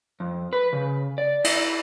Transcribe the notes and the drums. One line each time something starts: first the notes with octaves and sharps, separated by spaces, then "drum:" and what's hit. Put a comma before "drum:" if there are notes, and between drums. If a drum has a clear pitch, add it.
F2
B4
C#3
D5
E4, drum: cymbal